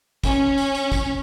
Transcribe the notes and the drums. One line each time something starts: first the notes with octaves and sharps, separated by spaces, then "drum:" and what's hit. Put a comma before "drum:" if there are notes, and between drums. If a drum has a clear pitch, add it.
C#4, drum: kick, tambourine
drum: tambourine
drum: tambourine
drum: kick, tambourine